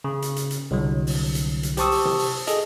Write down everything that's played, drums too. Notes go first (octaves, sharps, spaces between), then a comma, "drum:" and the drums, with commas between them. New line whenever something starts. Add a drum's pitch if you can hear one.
C#3
drum: hi-hat
drum: hi-hat
drum: hi-hat
C2 D3 F#3
drum: open hi-hat
drum: hi-hat
drum: hi-hat
G4 C5 A5 C#6 D#6 E6, drum: hi-hat
drum: open hi-hat
drum: tom C3
drum: open hi-hat
G#4 A4 D#5, drum: hi-hat